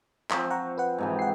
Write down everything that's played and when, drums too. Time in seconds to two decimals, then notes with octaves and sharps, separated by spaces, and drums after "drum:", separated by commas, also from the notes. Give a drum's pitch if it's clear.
0.31 F3 C4, drum: clap
0.50 F#5 A#5 C#6
0.78 B4 F#5
0.98 G#2 C3 E3
1.19 F#5 C7